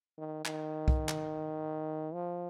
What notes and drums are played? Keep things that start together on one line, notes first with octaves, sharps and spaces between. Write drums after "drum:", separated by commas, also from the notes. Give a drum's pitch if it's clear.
D#3
D#3, drum: clap
drum: kick B1
drum: clap
F3